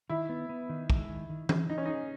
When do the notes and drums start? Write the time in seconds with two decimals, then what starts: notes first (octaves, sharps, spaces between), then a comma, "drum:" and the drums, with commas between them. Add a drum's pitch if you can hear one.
0.09 D#3 E4
0.29 B3
0.49 B3
0.69 D#3
0.90 G#3, drum: kick
1.09 D#3
1.30 D#3
1.49 D#3, drum: tom E3
1.69 E3 D#4
1.78 C#4
1.86 D#4 G#4